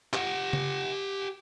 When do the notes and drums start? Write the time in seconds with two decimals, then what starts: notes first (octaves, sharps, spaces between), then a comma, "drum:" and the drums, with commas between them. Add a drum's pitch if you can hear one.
0.13 G4 F#5, drum: clap
0.53 drum: tom C#3